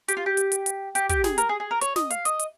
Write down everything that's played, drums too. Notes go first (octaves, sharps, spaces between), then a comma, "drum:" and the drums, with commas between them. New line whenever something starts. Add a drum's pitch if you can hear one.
G4, drum: hi-hat
F4
G4
drum: hi-hat
drum: hi-hat
drum: hi-hat
G4, drum: hi-hat
G4, drum: kick, hi-hat
G#4, drum: snare
A#4, drum: hi-hat
G#4
G#4
A#4
C#5, drum: hi-hat
D#5, drum: snare
F5, drum: hi-hat
D#5, drum: hi-hat
drum: hi-hat